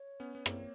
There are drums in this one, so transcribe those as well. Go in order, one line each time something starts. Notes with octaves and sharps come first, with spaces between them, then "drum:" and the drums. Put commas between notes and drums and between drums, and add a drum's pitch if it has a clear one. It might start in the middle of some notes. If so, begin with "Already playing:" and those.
Already playing: C#5
B3 C#4
B3
A#3 C4, drum: rim click